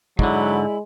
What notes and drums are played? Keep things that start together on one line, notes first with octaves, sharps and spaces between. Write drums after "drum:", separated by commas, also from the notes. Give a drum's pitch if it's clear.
G#2 D3 F#3 G#3 E4 D5 B5, drum: kick